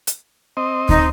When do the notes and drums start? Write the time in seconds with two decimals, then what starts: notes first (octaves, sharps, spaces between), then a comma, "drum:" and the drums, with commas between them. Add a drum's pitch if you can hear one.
0.07 drum: hi-hat
0.57 C4 D#5
0.89 D#4, drum: kick D2